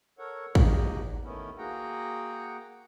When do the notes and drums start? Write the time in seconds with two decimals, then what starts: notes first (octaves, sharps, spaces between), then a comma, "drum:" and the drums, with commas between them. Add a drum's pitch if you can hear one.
0.19 A4 A#4 C#5 F#5
0.55 E2 G#2 A#3 F#4 G4 D#5, drum: kick
1.24 D#3 A3 B3 C#4 E4
1.58 A#3 F#4 G#4 F#5 G5 A#5